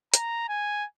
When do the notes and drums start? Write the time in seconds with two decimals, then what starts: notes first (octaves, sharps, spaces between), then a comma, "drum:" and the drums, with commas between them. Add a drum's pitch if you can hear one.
0.14 A#5, drum: hi-hat
0.49 G#5